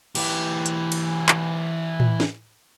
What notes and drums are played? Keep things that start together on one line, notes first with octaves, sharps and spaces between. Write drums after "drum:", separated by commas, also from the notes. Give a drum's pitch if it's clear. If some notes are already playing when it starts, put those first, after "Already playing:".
E3 G4, drum: cymbal
drum: hi-hat
drum: cymbal
drum: clap
drum: tom A2
drum: snare